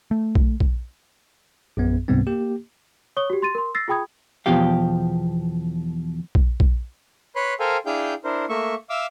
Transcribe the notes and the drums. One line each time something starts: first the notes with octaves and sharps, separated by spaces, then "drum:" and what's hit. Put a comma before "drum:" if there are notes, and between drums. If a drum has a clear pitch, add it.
A3
drum: kick A#1
drum: kick A#1
A#1 F#2 B3
C#2 G#2 C3 G3 B3 C4
A#3 G4
C#5 C#6 D#6 G7
F#4 G4
C6 A6 D#7
A#4 C6
E6 A6 A#6 C7
F4 G#4 G5 B5 D#6 G#6
E2 B2 F3 G4 F5
drum: kick A#1
drum: kick A#1
B4 C#5 B5 C6 F#6
A4 A#4 C5 F5 G5 G#5
D4 E4 G#4 F5 G5 G6
D4 E4 A#4 C5
A3 A#3 E5 C#6
E5 F5 D6 E6